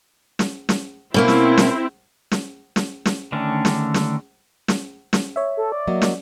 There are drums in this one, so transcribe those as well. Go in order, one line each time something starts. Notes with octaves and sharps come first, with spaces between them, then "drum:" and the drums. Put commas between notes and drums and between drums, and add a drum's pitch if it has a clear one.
drum: snare
drum: snare
B2 A#3 C4 C#4 E4
drum: snare
drum: snare
drum: snare
drum: snare
drum: snare
D3 D#3 A3 C#4 D4
drum: snare
drum: snare
drum: snare
drum: snare
C#5 E5
A4
D5
F#3 A#3 D#5
drum: snare